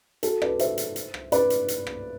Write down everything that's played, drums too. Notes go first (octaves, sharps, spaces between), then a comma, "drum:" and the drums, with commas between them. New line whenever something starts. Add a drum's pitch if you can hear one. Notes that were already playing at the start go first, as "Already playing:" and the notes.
F#4 A4, drum: hi-hat
B4 D5, drum: rim click
C5 E5, drum: hi-hat
drum: hi-hat
drum: hi-hat
drum: rim click
B4 D5, drum: hi-hat
drum: hi-hat
drum: hi-hat
drum: rim click